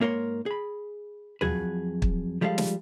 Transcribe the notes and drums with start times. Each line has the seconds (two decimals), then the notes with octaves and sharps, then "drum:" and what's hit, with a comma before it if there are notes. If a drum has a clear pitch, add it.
0.01 G#2 A#3 A#4 C#5 C6
0.46 G#4 B5
1.41 F2 F#3 F#4 G#4 B4, drum: tom
2.02 drum: kick
2.41 F3 G3 G#3 A4 B4 F5
2.58 drum: snare